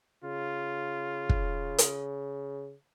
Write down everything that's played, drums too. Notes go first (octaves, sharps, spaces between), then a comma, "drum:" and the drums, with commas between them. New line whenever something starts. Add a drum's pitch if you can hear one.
C#3 F4
drum: kick
drum: hi-hat